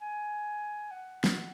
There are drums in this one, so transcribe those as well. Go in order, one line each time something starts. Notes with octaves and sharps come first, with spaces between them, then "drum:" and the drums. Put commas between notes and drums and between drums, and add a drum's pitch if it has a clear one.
G#5
F#5
drum: snare